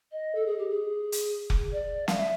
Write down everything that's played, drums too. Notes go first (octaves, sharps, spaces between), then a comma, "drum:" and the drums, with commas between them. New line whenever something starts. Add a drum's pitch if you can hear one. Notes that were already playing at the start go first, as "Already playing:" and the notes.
D#5
A4
G#4
G4
G#4
drum: hi-hat
drum: kick F1
D5
F5, drum: snare
E5